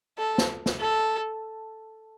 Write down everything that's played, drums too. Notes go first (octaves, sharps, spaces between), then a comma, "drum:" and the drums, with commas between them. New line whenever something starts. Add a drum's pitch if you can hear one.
A4
drum: snare
drum: snare
A4